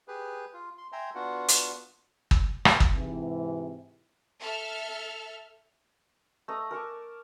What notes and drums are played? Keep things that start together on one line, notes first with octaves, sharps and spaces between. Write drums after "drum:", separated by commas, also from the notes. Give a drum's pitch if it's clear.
G4 G#4 B4
F4
C6
E5 G5 G#5 A#5 C6
B3 D4 F4 F#4 F#5
drum: hi-hat
drum: kick
drum: rim click
drum: kick
G#2 C3 E3
A4 E5 F6
A3 D#5 A#5 C#6
A#4 A5 C#6 D6